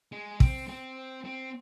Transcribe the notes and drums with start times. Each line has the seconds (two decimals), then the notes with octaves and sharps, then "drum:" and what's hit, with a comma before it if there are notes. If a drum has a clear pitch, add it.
0.12 G#3
0.40 C4, drum: kick
0.68 C4
1.25 C4